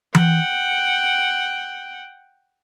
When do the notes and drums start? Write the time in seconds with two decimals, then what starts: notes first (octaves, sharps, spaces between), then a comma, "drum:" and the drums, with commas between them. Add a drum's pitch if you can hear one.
0.15 F#5 G5, drum: tom E3